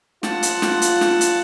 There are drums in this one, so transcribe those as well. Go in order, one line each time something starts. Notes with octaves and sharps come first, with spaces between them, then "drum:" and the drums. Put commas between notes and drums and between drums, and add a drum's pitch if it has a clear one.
F4 F#5 A5, drum: snare
drum: hi-hat
drum: snare
drum: hi-hat
drum: snare
drum: hi-hat